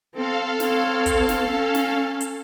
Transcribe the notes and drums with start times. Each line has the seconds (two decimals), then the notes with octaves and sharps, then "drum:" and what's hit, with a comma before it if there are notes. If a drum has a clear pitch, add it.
0.14 C4 A4 F5
0.60 C4 C#5, drum: snare
1.06 drum: kick, hi-hat
1.29 drum: snare
1.48 C#4
1.75 drum: snare
2.21 drum: hi-hat